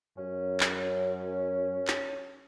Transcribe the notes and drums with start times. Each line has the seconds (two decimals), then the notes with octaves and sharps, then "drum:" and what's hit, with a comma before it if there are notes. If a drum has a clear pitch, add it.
0.18 F#2 C#4
0.60 drum: clap
1.88 drum: clap